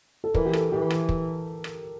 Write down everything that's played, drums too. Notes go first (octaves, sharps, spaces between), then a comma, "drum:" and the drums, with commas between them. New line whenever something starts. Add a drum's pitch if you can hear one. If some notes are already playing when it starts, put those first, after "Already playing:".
A4
E3 A#4, drum: kick
G4
A4, drum: rim click
E3 G4
G4, drum: rim click
drum: kick
drum: rim click